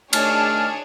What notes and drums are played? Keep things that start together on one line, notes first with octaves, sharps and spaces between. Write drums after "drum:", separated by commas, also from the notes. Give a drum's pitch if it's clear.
D#3 A3 D4 G#4 C#5 A5 F6, drum: cymbal